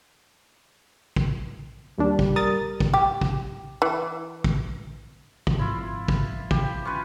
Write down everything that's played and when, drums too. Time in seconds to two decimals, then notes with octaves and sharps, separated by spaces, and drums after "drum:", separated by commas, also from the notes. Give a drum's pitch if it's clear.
1.16 drum: kick
1.98 D#2 G3 D4
2.19 drum: kick
2.36 A#4 D#6 A6
2.80 drum: kick
2.94 G4
3.21 drum: kick
3.82 E3
4.44 drum: kick
5.47 drum: kick
5.59 G#1 F3 E4 F4
6.08 drum: kick
6.51 G4, drum: kick
6.85 C#4 F4 B4